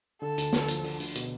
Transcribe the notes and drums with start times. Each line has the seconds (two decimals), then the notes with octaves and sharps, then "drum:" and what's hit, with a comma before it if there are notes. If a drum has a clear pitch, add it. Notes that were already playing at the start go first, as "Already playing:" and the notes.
0.22 D3 A4
0.38 D2, drum: hi-hat
0.53 D2, drum: snare
0.68 F3, drum: hi-hat
0.84 D3, drum: open hi-hat
1.00 D2, drum: open hi-hat
1.15 B2, drum: hi-hat